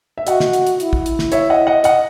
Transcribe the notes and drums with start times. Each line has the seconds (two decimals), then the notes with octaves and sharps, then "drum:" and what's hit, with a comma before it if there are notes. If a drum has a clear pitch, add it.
0.18 E5
0.27 F#4 D#5 F#5, drum: hi-hat
0.40 drum: snare
0.53 drum: hi-hat
0.67 drum: hi-hat
0.80 E4, drum: hi-hat
0.93 drum: kick
1.06 drum: hi-hat
1.19 drum: snare
1.32 C#5 E5, drum: hi-hat
1.50 D#5 F#5
1.67 D#5 F#5
1.84 D#5 F#5, drum: hi-hat